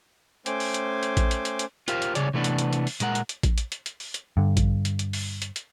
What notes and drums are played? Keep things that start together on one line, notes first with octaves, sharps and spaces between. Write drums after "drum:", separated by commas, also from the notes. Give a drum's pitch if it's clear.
A3 C#4 C5 G5 G#5 D6, drum: hi-hat
drum: open hi-hat
drum: hi-hat
drum: hi-hat
drum: kick A1, hi-hat
drum: hi-hat
drum: hi-hat
drum: hi-hat
F4 G4 A#4 C5 F5, drum: hi-hat
drum: hi-hat
C2 C#3 G#4 C#5 D5, drum: hi-hat
C3 E3 A3 B3 D4
drum: hi-hat
drum: hi-hat
drum: hi-hat
drum: open hi-hat
A#2 G#3 A#4 F#5, drum: hi-hat
drum: hi-hat
drum: hi-hat
drum: kick A1, hi-hat
drum: hi-hat
drum: hi-hat
drum: hi-hat
drum: open hi-hat
drum: hi-hat
G2 D3
drum: kick A1, hi-hat
drum: hi-hat
drum: hi-hat
drum: open hi-hat
drum: hi-hat
drum: hi-hat